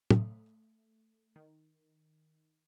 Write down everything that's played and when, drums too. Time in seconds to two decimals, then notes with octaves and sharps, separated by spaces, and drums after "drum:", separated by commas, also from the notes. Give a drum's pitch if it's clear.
0.10 A3, drum: tom
1.36 D#3